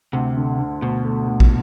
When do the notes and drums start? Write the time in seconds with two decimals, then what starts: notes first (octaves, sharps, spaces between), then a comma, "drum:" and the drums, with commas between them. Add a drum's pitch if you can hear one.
0.13 D2 C3
0.37 D3
0.59 D3
0.82 D2 B2
1.05 A3
1.27 D2
1.40 drum: kick